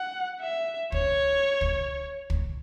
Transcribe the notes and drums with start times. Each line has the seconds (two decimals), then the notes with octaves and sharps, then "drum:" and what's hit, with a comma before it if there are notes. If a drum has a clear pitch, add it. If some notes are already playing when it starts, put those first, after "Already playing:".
Already playing: F#5
0.41 E5
0.92 C#5, drum: kick
1.61 drum: kick
2.30 drum: kick